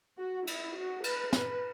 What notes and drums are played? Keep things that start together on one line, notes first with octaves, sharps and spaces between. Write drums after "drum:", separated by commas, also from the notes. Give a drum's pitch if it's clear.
F#4
E4, drum: cymbal
F#4
B4, drum: cymbal
B4, drum: snare